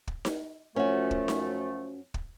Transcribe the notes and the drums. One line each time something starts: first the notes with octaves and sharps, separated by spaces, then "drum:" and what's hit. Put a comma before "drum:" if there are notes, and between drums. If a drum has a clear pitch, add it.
drum: kick
drum: snare D#4
F#2 F3 A3 C#4 F#4
drum: kick
drum: snare D#4
drum: kick